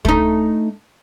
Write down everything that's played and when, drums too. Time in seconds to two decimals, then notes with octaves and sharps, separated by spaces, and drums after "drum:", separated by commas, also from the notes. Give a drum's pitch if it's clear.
0.05 A3 D#4, drum: kick